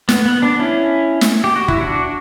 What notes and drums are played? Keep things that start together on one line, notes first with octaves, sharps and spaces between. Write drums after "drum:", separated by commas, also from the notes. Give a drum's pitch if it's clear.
B3, drum: snare
B3
B3 D4
C#4 E4
drum: snare
G4
F#4
E4, drum: kick
D4 F#4